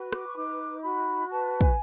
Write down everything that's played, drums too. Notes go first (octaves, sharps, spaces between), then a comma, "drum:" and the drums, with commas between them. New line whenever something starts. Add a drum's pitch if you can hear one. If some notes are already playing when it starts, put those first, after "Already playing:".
Already playing: F#4 B4
D6, drum: rim click
C#6
D#4 D6
F#4 B5
B4 A5
G#5, drum: kick